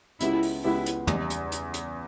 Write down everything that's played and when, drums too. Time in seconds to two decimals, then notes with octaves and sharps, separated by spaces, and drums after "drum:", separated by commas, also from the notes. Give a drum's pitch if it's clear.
0.20 C#2 C#3 G#3 B3 E4 G4, drum: hi-hat
0.42 drum: open hi-hat
0.64 C#2 C#3 G#3 B3 E4 G4
0.86 drum: hi-hat
1.07 E2 C#3 G3 D#4, drum: tom
1.30 drum: hi-hat
1.52 drum: hi-hat
1.73 drum: hi-hat